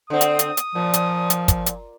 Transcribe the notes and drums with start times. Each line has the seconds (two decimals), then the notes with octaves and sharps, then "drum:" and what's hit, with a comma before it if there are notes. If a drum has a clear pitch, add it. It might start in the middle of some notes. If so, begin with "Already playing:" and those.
0.10 D3 C4 D#6
0.21 drum: hi-hat
0.39 drum: hi-hat
0.57 drum: hi-hat
0.75 A#2 F3
0.94 drum: hi-hat
1.30 drum: hi-hat
1.48 drum: kick, hi-hat
1.66 drum: hi-hat